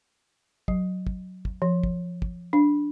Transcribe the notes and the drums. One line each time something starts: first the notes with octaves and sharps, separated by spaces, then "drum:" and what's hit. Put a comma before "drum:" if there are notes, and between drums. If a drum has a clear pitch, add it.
F#3, drum: kick
drum: kick
drum: kick
F3
drum: kick
drum: kick
D4